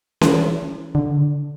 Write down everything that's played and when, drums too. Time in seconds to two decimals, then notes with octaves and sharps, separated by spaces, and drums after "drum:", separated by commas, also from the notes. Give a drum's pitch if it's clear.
0.21 E3, drum: snare C#4
0.95 D3